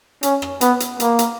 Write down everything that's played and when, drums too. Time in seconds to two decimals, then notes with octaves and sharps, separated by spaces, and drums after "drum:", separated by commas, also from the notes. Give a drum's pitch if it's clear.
0.23 C#4, drum: hi-hat
0.42 drum: rim click
0.61 B3, drum: hi-hat
0.80 drum: hi-hat
1.00 A#3, drum: hi-hat
1.19 drum: hi-hat